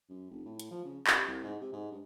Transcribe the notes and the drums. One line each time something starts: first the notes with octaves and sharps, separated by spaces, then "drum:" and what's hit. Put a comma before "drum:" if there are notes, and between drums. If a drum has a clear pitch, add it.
F#2
F1
A2
drum: hi-hat
F3
C#3
C3, drum: clap
C2
G#2
C3
G#2
G2